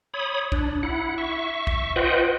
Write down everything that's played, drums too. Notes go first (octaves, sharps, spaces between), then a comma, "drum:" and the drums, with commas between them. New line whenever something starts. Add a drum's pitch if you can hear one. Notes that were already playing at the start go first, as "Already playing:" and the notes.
C#5 B5 D#6
D4, drum: kick
E4 F#5
E5 C#6
drum: kick
F4 B4 C5 D#5 F#5 G5